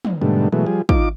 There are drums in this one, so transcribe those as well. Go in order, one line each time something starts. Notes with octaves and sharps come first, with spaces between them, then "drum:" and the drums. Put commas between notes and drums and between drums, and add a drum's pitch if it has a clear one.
drum: tom
G#2 B2 D3 G3 A3
B2 E3 F#3 G#3 A3
F3 G3 G#4
D#4 F4 D6, drum: kick